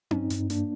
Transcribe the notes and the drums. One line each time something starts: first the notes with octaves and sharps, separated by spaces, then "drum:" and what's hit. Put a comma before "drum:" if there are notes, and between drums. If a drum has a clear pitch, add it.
G2 C4 D#4, drum: tom C#4
G2, drum: hi-hat
A#3 D4, drum: hi-hat